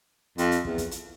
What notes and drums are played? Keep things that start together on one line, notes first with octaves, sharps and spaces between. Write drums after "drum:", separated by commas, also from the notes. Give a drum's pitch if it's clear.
F2, drum: hi-hat
drum: hi-hat
E2, drum: kick
drum: kick, hi-hat
drum: hi-hat